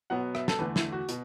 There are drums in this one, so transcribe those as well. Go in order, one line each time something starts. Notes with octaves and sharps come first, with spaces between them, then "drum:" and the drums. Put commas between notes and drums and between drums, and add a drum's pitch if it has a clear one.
B2 F#3 B3 F#5
E5, drum: rim click
A4, drum: snare
E2 D3 A3 B4
E4, drum: snare
F#4
B2, drum: hi-hat